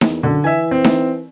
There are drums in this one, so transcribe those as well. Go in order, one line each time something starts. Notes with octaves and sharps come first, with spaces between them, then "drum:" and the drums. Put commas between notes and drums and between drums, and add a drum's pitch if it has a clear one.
E2, drum: snare D#4
F#2 D3
E3 E5 G#5
C4
drum: snare D#4